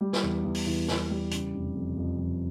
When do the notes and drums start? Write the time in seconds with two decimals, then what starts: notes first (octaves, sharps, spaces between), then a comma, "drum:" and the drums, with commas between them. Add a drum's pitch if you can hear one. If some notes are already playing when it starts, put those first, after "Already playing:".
0.01 G3
0.13 drum: snare
0.23 E2
0.45 E2
0.55 drum: open hi-hat
0.67 E2
0.88 E2, drum: snare
1.10 G3
1.31 C#3, drum: hi-hat
1.54 F1
1.76 F2
1.97 F2
2.19 F2